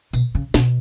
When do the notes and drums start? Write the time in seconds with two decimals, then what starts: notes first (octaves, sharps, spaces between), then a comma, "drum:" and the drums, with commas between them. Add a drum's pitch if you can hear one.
0.13 B2, drum: tambourine
0.35 C#3
0.54 B2, drum: snare